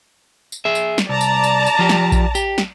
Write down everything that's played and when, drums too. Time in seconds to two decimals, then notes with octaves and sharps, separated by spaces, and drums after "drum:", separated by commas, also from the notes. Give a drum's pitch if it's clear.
0.52 drum: tambourine
0.65 G#4 E5
0.75 drum: tambourine
0.98 drum: snare
1.09 C2 D5 A5 A#5
1.21 drum: tambourine
1.44 drum: tambourine
1.66 drum: tambourine
1.79 F3 G4
1.89 drum: snare
2.12 drum: kick A#1, tambourine
2.35 G4, drum: tambourine
2.58 drum: snare